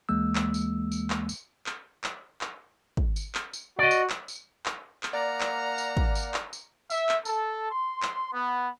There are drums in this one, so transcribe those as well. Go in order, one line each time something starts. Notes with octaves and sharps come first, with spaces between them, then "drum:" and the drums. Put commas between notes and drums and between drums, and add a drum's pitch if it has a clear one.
D#2 E3 G#3 A#3 E6
drum: clap
drum: tambourine
drum: tambourine
drum: clap
drum: tambourine
drum: clap
drum: clap
drum: clap
drum: kick
drum: tambourine
drum: clap
drum: tambourine
F#4 D5 D#5
drum: tambourine
drum: clap
drum: tambourine
drum: clap
drum: clap
A#3 D5 F#5 A#5 F6
drum: clap
drum: tambourine
drum: kick
drum: tambourine
drum: clap
drum: tambourine
E5, drum: tambourine
drum: clap
A4, drum: tambourine
C6
drum: clap
B3